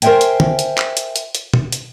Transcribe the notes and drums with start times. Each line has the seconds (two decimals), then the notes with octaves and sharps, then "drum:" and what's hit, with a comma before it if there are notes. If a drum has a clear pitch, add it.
0.02 A#4 C5 D5 E5 G5 G#5, drum: hi-hat
0.21 drum: hi-hat
0.40 drum: tom
0.59 drum: hi-hat
0.78 drum: clap
0.97 drum: hi-hat
1.16 drum: hi-hat
1.35 drum: hi-hat
1.54 drum: tom
1.72 drum: hi-hat